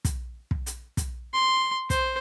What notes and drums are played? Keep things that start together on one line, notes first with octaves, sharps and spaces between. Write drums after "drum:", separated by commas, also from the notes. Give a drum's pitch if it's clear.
drum: kick, hi-hat
drum: kick
drum: hi-hat
drum: kick, hi-hat
C6
C5, drum: kick, hi-hat